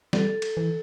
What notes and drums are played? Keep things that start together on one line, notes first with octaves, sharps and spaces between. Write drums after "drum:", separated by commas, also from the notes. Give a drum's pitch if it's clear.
G3 A4, drum: snare
drum: cymbal
E3